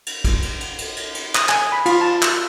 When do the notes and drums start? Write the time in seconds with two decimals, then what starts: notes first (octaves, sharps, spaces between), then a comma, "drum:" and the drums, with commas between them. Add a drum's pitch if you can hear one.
0.07 drum: cymbal
0.25 drum: kick, cymbal
0.42 drum: cymbal
0.60 drum: cymbal
0.78 drum: cymbal
0.96 drum: cymbal
1.14 drum: cymbal
1.35 D#6, drum: clap
1.49 G#5, drum: clap
1.72 B5
1.86 F4, drum: cymbal
2.01 A5
2.22 E6, drum: clap